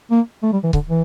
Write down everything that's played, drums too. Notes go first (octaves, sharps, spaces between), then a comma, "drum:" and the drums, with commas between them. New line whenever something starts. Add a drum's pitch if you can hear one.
A#3
A3
G3
E3
D3, drum: kick C#1
E3